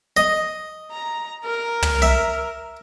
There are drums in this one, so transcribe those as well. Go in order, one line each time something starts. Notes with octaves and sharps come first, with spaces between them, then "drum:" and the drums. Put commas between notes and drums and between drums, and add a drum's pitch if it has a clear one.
D#5
A#5
A#4
drum: tom
E5